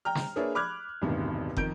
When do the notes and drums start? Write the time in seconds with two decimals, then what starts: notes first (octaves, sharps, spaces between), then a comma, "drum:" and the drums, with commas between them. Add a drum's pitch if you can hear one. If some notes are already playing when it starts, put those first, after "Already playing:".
0.05 G5 A#5 F6
0.15 drum: snare
0.36 A#3 D4 G#4 B4 C#5 E5
0.55 B5 D6 F6 F#6 G#6
1.02 E1 A1 G2 C3 D#3
1.57 F2 D#3 A#4 G6 D7, drum: kick